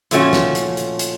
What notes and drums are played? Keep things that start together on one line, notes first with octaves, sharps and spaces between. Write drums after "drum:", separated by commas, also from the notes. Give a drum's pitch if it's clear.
A#2 F3 A3 C#4 F#4, drum: hi-hat
drum: snare
drum: hi-hat
drum: hi-hat
drum: hi-hat